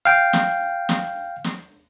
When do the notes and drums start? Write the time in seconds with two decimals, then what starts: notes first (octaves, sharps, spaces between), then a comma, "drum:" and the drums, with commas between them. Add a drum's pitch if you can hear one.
0.05 F5 G5
0.33 drum: snare
0.89 drum: snare
1.44 drum: snare